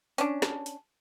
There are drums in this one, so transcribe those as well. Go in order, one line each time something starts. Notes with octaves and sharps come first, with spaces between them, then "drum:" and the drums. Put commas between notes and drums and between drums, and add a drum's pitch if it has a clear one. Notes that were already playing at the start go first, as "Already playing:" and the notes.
C#4 D4, drum: hi-hat
drum: snare
drum: hi-hat